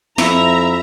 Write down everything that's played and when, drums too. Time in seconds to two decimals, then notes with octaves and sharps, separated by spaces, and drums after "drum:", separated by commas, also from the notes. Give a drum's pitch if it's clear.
0.18 F2 E4 E5 A#5, drum: snare